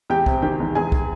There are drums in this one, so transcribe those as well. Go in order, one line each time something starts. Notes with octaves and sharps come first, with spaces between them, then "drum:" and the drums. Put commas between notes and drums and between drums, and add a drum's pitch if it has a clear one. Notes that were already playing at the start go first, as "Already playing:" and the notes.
E2 G4 G5
C3, drum: kick
D#3 G4 G5
E2
E2 G#4 G#5
drum: kick